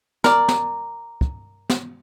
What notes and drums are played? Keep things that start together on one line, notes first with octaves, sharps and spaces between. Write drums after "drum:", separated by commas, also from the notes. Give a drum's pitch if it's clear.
A#4 D5, drum: snare
drum: snare
drum: kick
drum: snare